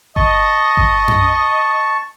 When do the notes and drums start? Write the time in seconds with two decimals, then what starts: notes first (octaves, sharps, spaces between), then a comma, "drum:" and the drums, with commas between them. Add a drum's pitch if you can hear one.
0.16 D#5 A5 C#6, drum: kick G1
0.77 drum: kick G1
1.08 drum: tom F#2